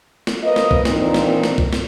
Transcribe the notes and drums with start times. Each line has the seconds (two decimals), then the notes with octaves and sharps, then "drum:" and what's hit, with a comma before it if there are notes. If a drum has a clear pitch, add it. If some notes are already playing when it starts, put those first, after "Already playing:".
0.27 drum: snare
0.43 A#3 B4 C5 D#5
0.56 drum: snare
0.71 drum: kick
0.85 A#2 D#3 E3 C4 D4 D#4, drum: snare
1.14 drum: snare
1.44 drum: snare
1.58 drum: kick
1.73 drum: snare